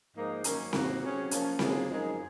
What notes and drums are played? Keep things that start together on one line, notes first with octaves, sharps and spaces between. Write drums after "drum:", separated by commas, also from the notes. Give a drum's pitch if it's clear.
G#2 F3 A#3 D#4
F#2 D#3 A#3 C#4, drum: hi-hat
A#2 F3 A#3 D#4 F#4, drum: snare C4
C3 F#3 C#4 G#4
F3 A#3 C#4, drum: hi-hat
G#2 F#3 A#3 F4 G#4, drum: snare C4
F#2 F3 G#3 D#4 G#4